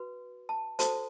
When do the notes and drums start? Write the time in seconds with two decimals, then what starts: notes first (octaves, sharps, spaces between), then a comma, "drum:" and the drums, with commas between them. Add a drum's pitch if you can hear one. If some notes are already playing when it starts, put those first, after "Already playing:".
Already playing: F#4 B4
0.49 A5
0.79 F#4 A4 C5 A5, drum: hi-hat